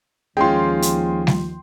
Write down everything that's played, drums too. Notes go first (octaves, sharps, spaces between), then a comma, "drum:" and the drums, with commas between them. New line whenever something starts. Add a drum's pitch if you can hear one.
D#2 F3 G#3 C#4 F4 G5 C6
drum: hi-hat
drum: snare G3